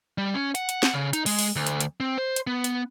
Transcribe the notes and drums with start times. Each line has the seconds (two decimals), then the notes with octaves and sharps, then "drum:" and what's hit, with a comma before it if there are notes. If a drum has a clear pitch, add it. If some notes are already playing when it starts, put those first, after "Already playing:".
0.18 G3
0.34 C#4
0.55 F#5, drum: hi-hat
0.69 drum: hi-hat
0.83 drum: snare
0.94 C#3
1.13 D#4, drum: hi-hat
1.26 G#3, drum: open hi-hat
1.39 drum: open hi-hat
1.56 D2
1.67 drum: hi-hat
1.81 drum: hi-hat
2.00 C4
2.18 C5
2.36 drum: hi-hat
2.47 B3
2.64 drum: hi-hat